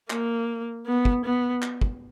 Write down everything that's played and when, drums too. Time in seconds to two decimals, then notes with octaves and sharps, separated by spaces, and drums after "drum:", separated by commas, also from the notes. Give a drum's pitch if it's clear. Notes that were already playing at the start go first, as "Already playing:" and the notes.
0.10 A#3, drum: clap
0.86 B3
1.05 drum: kick
1.25 B3
1.62 drum: clap
1.81 drum: kick